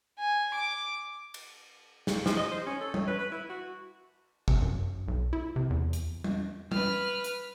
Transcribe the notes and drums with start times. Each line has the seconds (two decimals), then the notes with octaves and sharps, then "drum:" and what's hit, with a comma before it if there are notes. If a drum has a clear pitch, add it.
0.18 G#5
0.55 D6
1.34 drum: cymbal
2.07 drum: snare
2.26 F3, drum: snare
2.37 D#5
2.52 C5
2.67 C#4
2.81 A4
2.94 C#5, drum: tom G3
3.08 B4
3.19 B4
3.32 E4
3.50 F#4
4.48 C3, drum: kick
4.62 F#2
5.08 B1
5.33 E4
5.56 C3
5.70 E2
5.93 drum: hi-hat
6.24 drum: tom G3
6.72 B4 F6, drum: tom G3
7.24 drum: hi-hat